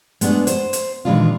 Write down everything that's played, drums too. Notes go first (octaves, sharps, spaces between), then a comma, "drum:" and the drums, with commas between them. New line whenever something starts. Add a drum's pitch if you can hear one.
G#3 A3 B3 D4 G#4, drum: hi-hat
C5, drum: hi-hat
drum: hi-hat
A#2 D#3 E3 G#3 D4 F4